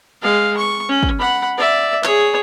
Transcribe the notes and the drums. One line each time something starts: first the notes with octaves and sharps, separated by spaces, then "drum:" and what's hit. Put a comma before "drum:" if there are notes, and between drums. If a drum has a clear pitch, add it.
G#3 F5
C#6
C#4
drum: kick
F#5 B5
D5 E5
G#4 C#5, drum: clap